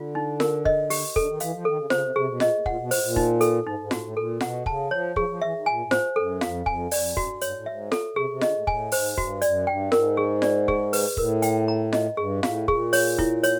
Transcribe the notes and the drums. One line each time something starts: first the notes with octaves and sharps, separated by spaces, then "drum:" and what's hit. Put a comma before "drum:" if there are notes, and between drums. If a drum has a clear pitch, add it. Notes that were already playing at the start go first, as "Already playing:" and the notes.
Already playing: D3 F4
D#4
A#4, drum: snare F4
D#5, drum: kick
G4, drum: open hi-hat
D3 A4, drum: kick
D#3
E3 F5, drum: hi-hat
F3
D#3 A4
C#3
C#3 C5, drum: snare F4
C3
C3 G#4
B2
A#2 D#5, drum: snare F4
A#2
A#2 F#5, drum: kick
B2
A#2 C5, drum: open hi-hat
A#2
D#4, drum: kick
A4, drum: hi-hat
G#2 D#4
G#2
A2 F#4, drum: snare F4
A2
A#2 A4
B2 F#5, drum: snare F4
C#3 A5, drum: kick
F3 C#5
F3 G#4, drum: kick
F3
E3 E5
D#3
A#2 G#5
A2
C5, drum: snare F4
F#2 A4
F2 F5, drum: snare F4
F2 G#5, drum: kick
F2 D5, drum: open hi-hat
F#2 F#4, drum: kick
G#2
G2
G2 C#5, drum: hi-hat
A2
G#2 E5
A4, drum: snare F4
C3 G#4
C3
D3 D#5, drum: snare F4
A2
A2 G#5, drum: kick
G#2 C5, drum: open hi-hat
G2 F#4, drum: kick
F#2 D5, drum: hi-hat
G2 G5
G#2 A#4, drum: snare F4
G#4
D5, drum: snare F4
G#4, drum: kick
B4, drum: open hi-hat
A2 A#4, drum: kick
G5, drum: hi-hat
A#5
D#5, drum: snare F4
G2 G#4
A#2
A2 F5, drum: snare F4
A#2 G#4, drum: kick
C#5, drum: open hi-hat
E4, drum: kick
C#5, drum: hi-hat